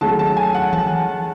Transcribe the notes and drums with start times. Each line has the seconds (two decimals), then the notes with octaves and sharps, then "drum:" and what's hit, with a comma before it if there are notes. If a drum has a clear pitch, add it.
0.01 D#2 C#3 F#3 A3 A5
0.19 A5
0.37 G#5
0.55 F#5
0.73 A5, drum: tom D#3